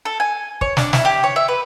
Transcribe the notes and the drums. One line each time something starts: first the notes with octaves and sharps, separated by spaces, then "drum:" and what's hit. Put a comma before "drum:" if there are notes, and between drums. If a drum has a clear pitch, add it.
A4
G#5
C#5, drum: kick
D4, drum: snare
E4, drum: snare
G4
C#5
E5
B4